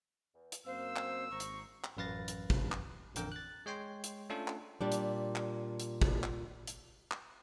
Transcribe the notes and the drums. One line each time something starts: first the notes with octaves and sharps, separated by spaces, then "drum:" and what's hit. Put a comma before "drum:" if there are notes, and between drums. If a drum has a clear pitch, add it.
E2
drum: hi-hat
F#2 A#3 C4 C5 F5 E6
drum: clap
G#1 C5 D#5 A#5 C#6
drum: hi-hat
drum: clap
A1 F#2 B4 F5 A6 A#6
drum: hi-hat
drum: kick
drum: clap
A1 F2 D3 A#4 G5, drum: hi-hat
F#6 A6
G#3 C#5 G5 C6
drum: hi-hat
A3 C#4 D4 F4 A4
drum: clap
A#2 G3 D4
drum: hi-hat
drum: clap
drum: hi-hat
drum: kick
drum: clap
drum: hi-hat
drum: clap